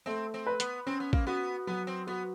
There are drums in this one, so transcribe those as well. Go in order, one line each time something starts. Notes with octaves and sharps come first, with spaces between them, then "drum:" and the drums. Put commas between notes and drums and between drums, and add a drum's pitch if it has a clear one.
A3 C4
C4
B4
B3, drum: hi-hat
C4 C#4
B3
A#3, drum: kick A1
B3 F#4
F#3 B3
C4
B3 F#4